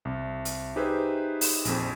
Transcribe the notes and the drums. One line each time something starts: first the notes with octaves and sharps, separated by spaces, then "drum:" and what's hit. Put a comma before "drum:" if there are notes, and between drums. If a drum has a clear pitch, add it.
C2
drum: hi-hat
D#4 G4 G#4 B4 C5 E5
drum: open hi-hat
A#1 F2, drum: hi-hat